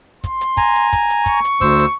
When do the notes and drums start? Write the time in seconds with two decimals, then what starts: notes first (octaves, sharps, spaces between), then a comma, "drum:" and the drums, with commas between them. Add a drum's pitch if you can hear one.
0.24 C6, drum: kick, hi-hat
0.41 drum: hi-hat
0.57 G#5 A#5, drum: kick, hi-hat
0.75 drum: hi-hat
0.93 drum: kick, hi-hat
1.10 drum: hi-hat
1.26 C#6, drum: kick, hi-hat
1.44 drum: hi-hat
1.61 D2 C5 E6, drum: kick, hi-hat
1.79 drum: hi-hat